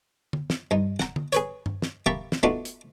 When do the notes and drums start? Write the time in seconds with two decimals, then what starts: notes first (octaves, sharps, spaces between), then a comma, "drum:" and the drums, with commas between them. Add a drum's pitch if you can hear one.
0.33 drum: tom D3
0.50 drum: snare
0.71 G2 D#4
1.00 F#5 A#5, drum: snare
1.16 drum: tom D3
1.33 G#4 B4 C#5, drum: hi-hat
1.66 drum: tom G2
1.82 drum: snare
2.06 A#3 G4 E5 A5 B5 C#6
2.32 drum: snare
2.43 A3 B3 D4 D#4 F4 F#4
2.65 drum: hi-hat